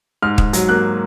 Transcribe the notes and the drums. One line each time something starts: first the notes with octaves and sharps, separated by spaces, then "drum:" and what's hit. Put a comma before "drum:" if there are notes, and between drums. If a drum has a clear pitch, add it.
G#2 F6
G#2, drum: kick D#1
F#3, drum: hi-hat
A#3 F#6